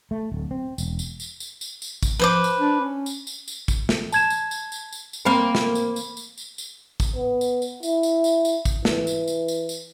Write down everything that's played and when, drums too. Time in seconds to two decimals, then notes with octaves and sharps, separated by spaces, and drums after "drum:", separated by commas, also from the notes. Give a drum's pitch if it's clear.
0.11 A3
0.32 D1
0.51 C4
0.78 E1, drum: tambourine
0.99 drum: tambourine
1.20 drum: tambourine
1.40 drum: tambourine
1.61 drum: tambourine
1.82 drum: tambourine
2.03 drum: kick, tambourine
2.19 F3 B4 C5 D6
2.44 drum: tambourine
2.59 D4
2.81 C#4
3.06 drum: tambourine
3.27 drum: tambourine
3.48 drum: tambourine
3.68 drum: kick, tambourine
3.89 drum: snare
4.12 A5 G#6 E7, drum: tambourine
4.30 drum: tambourine
4.51 drum: tambourine
4.72 drum: tambourine
4.93 drum: tambourine
5.13 drum: tambourine
5.25 A#3 C4 A#4 B5
5.55 drum: snare
5.75 drum: tambourine
5.96 drum: tambourine
6.17 drum: tambourine
6.38 drum: tambourine
6.58 drum: tambourine
7.00 drum: kick, tambourine
7.16 B3
7.41 drum: tambourine
7.62 drum: tambourine
7.83 E4, drum: tambourine
8.03 drum: tambourine
8.24 drum: tambourine
8.45 drum: tambourine
8.65 drum: kick, tambourine
8.85 E3, drum: snare
9.07 drum: tambourine
9.28 drum: tambourine
9.48 drum: tambourine
9.69 drum: tambourine